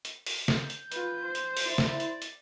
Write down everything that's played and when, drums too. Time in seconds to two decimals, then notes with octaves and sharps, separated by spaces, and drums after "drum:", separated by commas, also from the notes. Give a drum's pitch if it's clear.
0.05 drum: hi-hat
0.26 drum: open hi-hat
0.48 drum: snare
0.59 G6
0.70 drum: hi-hat
0.92 F4 B4, drum: hi-hat
1.25 C5
1.35 drum: hi-hat
1.57 drum: open hi-hat
1.66 E4 D5
1.78 drum: snare
2.00 drum: hi-hat
2.22 drum: hi-hat